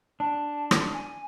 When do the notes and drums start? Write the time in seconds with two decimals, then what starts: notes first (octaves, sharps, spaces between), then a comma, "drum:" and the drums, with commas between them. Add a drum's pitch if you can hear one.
0.20 D4 A5
0.71 drum: rim click
0.94 G#5